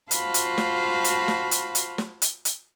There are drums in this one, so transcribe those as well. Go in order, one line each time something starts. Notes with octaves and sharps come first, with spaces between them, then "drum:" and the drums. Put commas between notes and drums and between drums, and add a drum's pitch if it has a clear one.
F4 F#4 C5 F5 A5 B5, drum: hi-hat
drum: hi-hat
drum: snare
drum: hi-hat
drum: snare
drum: hi-hat
drum: hi-hat
drum: snare
drum: hi-hat
drum: hi-hat